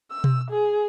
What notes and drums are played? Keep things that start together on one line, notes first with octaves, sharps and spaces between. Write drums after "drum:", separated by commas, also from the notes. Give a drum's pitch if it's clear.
E6
drum: tom B2
G#4